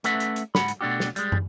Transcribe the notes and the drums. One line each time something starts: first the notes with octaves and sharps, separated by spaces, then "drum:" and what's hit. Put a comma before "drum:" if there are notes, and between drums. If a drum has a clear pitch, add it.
A3 C#4 A4 B4 E5 F#5, drum: hi-hat
drum: hi-hat
drum: hi-hat
G#2 G#3 F#5 B5, drum: snare
drum: hi-hat
B2 A3 D4 F#4 G4
drum: snare
G3 G#3, drum: hi-hat
drum: tom